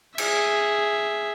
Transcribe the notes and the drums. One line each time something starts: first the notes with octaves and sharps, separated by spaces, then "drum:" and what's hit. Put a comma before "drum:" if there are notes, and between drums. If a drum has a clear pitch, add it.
G#4 E5, drum: cymbal